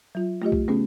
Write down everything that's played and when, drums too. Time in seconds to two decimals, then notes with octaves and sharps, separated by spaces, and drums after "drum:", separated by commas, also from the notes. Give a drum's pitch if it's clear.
0.15 F#3 F4
0.42 A3 F4 G4 D#5
0.52 drum: kick
0.68 C#3 A3 B3 C#4 G#4